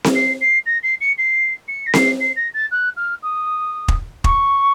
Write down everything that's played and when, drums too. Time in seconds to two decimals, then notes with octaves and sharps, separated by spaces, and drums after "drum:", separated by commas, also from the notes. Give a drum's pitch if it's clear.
0.04 drum: snare C4
0.15 C7
0.41 C7
0.66 A#6
0.83 C7
1.01 C#7
1.18 C7
1.68 C#7
1.86 A#6
1.94 C7, drum: snare C4
2.20 C7
2.36 A#6
2.54 A6
2.71 F#6
2.97 F6
3.23 D#6
3.88 drum: kick
4.24 C#6, drum: kick